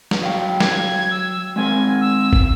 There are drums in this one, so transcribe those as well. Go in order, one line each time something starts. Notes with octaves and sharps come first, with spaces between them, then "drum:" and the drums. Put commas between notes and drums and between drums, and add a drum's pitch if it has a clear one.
drum: snare
F#3 F5 G5
G#6, drum: snare
E6
G#3 C4 A#4 G#5
E6
drum: kick